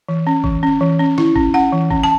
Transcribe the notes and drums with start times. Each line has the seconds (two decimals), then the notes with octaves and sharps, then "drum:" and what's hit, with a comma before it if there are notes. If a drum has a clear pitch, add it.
0.08 E3
0.27 C#4
0.44 E3, drum: kick G#1
0.63 C#4
0.81 E3
1.00 C#4
1.18 E4, drum: snare
1.36 C#4, drum: kick G#1
1.54 C#4 F#5
1.72 E3
1.91 C#4, drum: kick G#1
2.03 A5